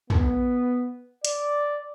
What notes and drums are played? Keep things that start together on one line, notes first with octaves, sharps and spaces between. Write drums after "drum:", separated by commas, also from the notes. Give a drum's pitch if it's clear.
B3, drum: tom
D5, drum: hi-hat